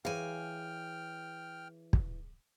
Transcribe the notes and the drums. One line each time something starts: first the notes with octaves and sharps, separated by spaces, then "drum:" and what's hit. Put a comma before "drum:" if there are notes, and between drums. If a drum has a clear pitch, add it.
E3 G#4 C#5 F5 G5 G#5 F6
drum: kick